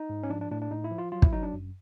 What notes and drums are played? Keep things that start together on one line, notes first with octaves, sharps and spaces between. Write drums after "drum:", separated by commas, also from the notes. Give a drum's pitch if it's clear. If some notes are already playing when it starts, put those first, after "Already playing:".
Already playing: D#4
G#2
C#4
F3 D4
D4
A2 D4
D4
A2 D#4
E4
F3
F4
F#3 F4
E4, drum: kick
F#3 D#4
D4
F#2